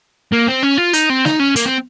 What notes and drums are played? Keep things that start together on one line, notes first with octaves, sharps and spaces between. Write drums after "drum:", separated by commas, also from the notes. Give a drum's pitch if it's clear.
A#3
C4
C#4
F4
D#4, drum: hi-hat
C4
D#4, drum: snare
C#4
A#3, drum: hi-hat
C4